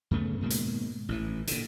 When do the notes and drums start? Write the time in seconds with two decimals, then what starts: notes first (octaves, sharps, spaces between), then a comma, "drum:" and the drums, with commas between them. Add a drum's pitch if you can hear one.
0.11 F#2 C#3 A3 B3
0.41 G#2 B2 D#3 A#3
0.50 drum: hi-hat
1.09 A1 A2 E3
1.47 A#2 D3, drum: hi-hat